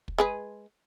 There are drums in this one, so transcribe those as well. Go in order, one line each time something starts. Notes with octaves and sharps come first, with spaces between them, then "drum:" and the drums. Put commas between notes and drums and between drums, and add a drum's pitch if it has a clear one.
drum: kick
G#3 G#4 B4